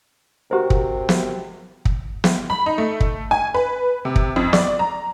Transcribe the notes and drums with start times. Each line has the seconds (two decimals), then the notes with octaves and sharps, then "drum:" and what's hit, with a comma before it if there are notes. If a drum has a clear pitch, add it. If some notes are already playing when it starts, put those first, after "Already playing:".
0.51 C3 F#4 G4 A#4 C5
0.70 drum: kick
1.09 drum: snare
1.85 drum: kick
2.24 drum: snare
2.50 B5
2.66 D#4
2.78 A3
3.00 drum: kick
3.31 G#5
3.54 B4
4.05 C3
4.16 drum: kick
4.36 F2
4.53 D5, drum: snare
4.79 A#5